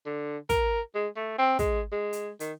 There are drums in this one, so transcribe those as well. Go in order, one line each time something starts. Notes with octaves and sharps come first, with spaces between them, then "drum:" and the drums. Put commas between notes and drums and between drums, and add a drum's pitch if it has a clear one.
D3
A#4, drum: kick, hi-hat
G#3
A3
C4
G#3, drum: kick, hi-hat
G#3
drum: hi-hat
D#3, drum: hi-hat